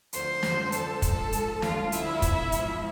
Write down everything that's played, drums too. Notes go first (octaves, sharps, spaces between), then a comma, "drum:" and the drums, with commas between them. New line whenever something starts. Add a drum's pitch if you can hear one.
D2 D3 F3 C5 C6, drum: hi-hat
F2 D3 F3, drum: snare
D2 D3 F3 A4 A5, drum: hi-hat
G#2 F3 A4 A5, drum: kick, hi-hat
G#2 F3, drum: hi-hat
D2 D3 F3 F4 F5, drum: snare
D2 D3 F3 E4 E5, drum: hi-hat
E2 B2, drum: kick, hi-hat
G#2 F3, drum: hi-hat